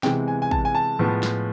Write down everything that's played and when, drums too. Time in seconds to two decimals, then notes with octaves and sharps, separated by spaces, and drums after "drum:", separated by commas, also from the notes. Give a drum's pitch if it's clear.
0.03 C3 E3 G#3 B3 G5, drum: snare
0.28 G#5
0.42 G#5
0.51 A5, drum: kick
0.65 G#5
0.75 A5
0.99 A2 F3 G#3 B3
1.23 drum: snare